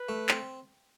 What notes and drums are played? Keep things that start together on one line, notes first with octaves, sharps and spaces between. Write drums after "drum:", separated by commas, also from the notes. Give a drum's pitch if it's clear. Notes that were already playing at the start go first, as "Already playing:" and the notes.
Already playing: B4
A3
C4, drum: clap